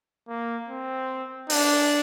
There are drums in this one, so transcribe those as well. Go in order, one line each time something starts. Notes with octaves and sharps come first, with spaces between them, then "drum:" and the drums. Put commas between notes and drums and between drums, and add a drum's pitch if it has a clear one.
A#3
C4
D4, drum: open hi-hat